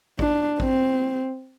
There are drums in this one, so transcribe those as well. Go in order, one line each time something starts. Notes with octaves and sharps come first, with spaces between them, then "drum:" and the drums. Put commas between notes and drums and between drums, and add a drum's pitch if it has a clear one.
D4, drum: kick
C4, drum: kick